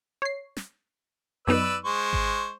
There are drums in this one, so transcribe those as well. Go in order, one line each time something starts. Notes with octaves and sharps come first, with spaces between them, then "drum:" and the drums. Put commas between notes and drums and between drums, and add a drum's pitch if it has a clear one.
C#5 C7
drum: snare
F#2 B3 D#4 B4 D5 E6
G#3 C5 C#6
drum: kick G#1